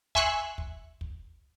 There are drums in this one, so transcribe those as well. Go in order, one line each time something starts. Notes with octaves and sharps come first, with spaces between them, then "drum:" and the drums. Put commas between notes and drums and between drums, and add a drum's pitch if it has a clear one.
E5 G#5 C6 C#6 E6 F#6, drum: kick
drum: kick
drum: kick